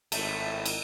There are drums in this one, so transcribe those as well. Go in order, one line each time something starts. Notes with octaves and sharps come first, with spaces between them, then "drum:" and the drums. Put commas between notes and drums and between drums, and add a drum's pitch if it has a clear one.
G#1 A2 A3, drum: cymbal
drum: cymbal